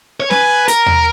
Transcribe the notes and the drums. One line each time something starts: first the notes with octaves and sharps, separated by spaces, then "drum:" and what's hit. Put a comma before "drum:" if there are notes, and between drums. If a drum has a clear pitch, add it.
C#5
B4 G#5, drum: snare
A#4 A#5, drum: hi-hat
drum: tom D#2